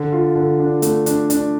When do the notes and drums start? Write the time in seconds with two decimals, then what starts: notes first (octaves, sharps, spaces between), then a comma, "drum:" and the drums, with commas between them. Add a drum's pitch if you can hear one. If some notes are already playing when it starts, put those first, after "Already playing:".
Already playing: D3
0.13 F4
0.36 D3
0.60 D4
0.82 A3, drum: hi-hat
1.06 D4, drum: hi-hat
1.30 D4, drum: hi-hat